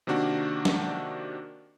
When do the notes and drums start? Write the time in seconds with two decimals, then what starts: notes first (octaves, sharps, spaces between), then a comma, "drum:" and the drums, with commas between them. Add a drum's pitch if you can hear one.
0.07 C3 D#3 A#3 D4 F#4
0.65 drum: snare